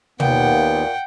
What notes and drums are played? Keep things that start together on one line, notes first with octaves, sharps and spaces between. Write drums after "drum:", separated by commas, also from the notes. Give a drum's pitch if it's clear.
D#2 A#2 B3 F#5 G5, drum: tom